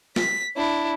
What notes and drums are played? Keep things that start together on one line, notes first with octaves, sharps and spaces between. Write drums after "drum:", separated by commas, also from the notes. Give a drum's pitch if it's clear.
B6, drum: snare
D4 E4